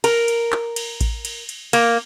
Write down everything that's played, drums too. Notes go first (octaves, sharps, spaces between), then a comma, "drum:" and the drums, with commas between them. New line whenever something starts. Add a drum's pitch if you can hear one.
A#4, drum: cymbal
drum: cymbal
drum: clap
drum: cymbal
drum: kick A1, cymbal
drum: cymbal
drum: cymbal
A#3, drum: cymbal